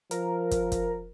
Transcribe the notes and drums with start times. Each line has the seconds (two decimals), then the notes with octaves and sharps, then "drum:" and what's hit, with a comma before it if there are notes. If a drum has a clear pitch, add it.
0.11 F3 A#4, drum: hi-hat
0.51 drum: kick, hi-hat
0.72 drum: kick, hi-hat